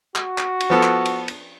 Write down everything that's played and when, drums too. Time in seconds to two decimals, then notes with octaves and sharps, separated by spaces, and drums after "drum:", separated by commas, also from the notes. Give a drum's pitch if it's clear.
0.16 F#4, drum: clap
0.38 drum: clap
0.61 drum: cymbal
0.70 F3 B3 A4
0.83 drum: clap
1.05 drum: cymbal
1.28 drum: cymbal